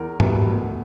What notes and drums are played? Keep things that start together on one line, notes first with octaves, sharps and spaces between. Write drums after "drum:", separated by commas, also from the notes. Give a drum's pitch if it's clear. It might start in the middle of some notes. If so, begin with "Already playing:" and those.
Already playing: E2 A#4
B2 G3 B3 E4, drum: tom G#2
D2